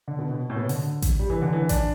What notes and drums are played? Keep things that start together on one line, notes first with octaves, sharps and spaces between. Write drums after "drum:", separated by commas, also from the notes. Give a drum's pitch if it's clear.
D3
B2
B2
A2
B2
D3, drum: open hi-hat
drum: kick A1, hi-hat
G3
E3
D3
E3
D4, drum: kick A1, hi-hat